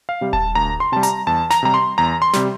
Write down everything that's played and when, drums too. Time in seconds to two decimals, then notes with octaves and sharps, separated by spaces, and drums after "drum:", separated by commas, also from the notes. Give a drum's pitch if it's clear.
0.09 F5
0.21 C3 G3
0.33 A5, drum: kick D#1
0.55 D2 A#5
0.80 C6
0.92 C3 G3 A5
1.03 A#5, drum: hi-hat
1.27 E2 A5
1.51 A#5, drum: snare
1.63 C3 G3 A#5
1.74 C6
1.98 E2 A#5
2.22 C6
2.33 C3 G3, drum: snare